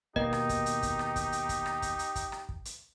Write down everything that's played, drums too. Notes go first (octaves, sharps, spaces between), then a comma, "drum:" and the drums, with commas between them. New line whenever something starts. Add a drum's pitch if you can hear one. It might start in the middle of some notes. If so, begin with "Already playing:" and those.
D#2 B2 A#3 D#4 G4 D#5, drum: kick
drum: rim click
drum: kick, hi-hat
drum: hi-hat
drum: kick, hi-hat
drum: rim click
drum: kick, hi-hat
drum: hi-hat
drum: kick, hi-hat
drum: rim click
drum: kick, hi-hat
drum: hi-hat
drum: kick, hi-hat
drum: rim click
drum: kick
drum: hi-hat